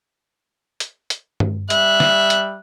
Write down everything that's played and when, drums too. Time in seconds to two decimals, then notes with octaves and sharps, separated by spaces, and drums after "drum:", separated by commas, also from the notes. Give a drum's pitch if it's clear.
0.80 drum: hi-hat
1.10 drum: hi-hat
1.40 drum: tom G2
1.70 G3 E5 F#6, drum: hi-hat
2.00 drum: snare
2.30 drum: hi-hat